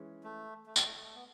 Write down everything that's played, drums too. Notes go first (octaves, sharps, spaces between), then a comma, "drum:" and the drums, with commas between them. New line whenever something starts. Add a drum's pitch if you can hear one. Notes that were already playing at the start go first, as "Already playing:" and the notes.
Already playing: E3 G#3 C#4
A3
A3
G#3, drum: tambourine
A3
A3
B3